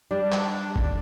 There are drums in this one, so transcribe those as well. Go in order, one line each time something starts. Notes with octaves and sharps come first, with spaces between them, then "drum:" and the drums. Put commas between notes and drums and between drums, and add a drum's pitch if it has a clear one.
G3 D4
drum: clap
drum: kick